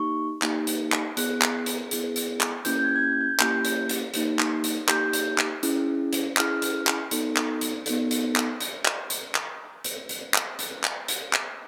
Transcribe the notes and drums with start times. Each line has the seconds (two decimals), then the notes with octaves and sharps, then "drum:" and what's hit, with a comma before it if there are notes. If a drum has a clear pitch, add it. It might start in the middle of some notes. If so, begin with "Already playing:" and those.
Already playing: A#3 D#4 G4 C#6
0.42 A#3 D#4 G4, drum: clap
0.67 drum: hi-hat
0.92 drum: clap
1.17 B3 E4 G#4 F#6, drum: hi-hat
1.42 drum: clap
1.66 drum: hi-hat
1.91 B3 E4 G#4, drum: hi-hat
2.16 drum: hi-hat
2.41 drum: clap
2.65 A#3 C#4 E4 G4 G6, drum: hi-hat
2.79 G6
2.84 G#6
2.96 G#6
3.03 G6
3.21 G6
3.40 A#3 C#4 E4 G4 G6, drum: clap
3.65 drum: hi-hat
3.89 drum: hi-hat
4.14 A#3 D#4 G4, drum: hi-hat
4.39 drum: clap
4.64 drum: hi-hat
4.88 A#3 D#4 G4 G6, drum: clap
5.13 drum: hi-hat
5.38 drum: clap
5.63 C#4 E4 G#4, drum: hi-hat
6.13 drum: hi-hat
6.37 C#4 E4 G#4 F6, drum: clap
6.62 drum: hi-hat
6.87 drum: clap
7.11 B3 D#4 F#4 A4, drum: hi-hat
7.37 drum: clap
7.61 drum: hi-hat
7.86 B3 D#4 F#4 A4, drum: hi-hat
8.11 drum: hi-hat
8.36 drum: clap
8.61 drum: hi-hat
8.85 drum: clap
9.10 drum: hi-hat
9.35 drum: clap
9.84 drum: hi-hat
10.09 drum: hi-hat
10.34 drum: clap
10.59 drum: hi-hat
10.84 drum: clap
11.08 drum: hi-hat
11.33 drum: clap